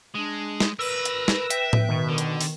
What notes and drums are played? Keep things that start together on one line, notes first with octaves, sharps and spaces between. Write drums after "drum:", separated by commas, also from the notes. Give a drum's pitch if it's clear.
G#3 D4
drum: snare
A#4 B4 B5 E6 A#6
drum: hi-hat
drum: snare
E5 G5, drum: hi-hat
drum: tom A2
B2 D#3
D3
drum: hi-hat
drum: open hi-hat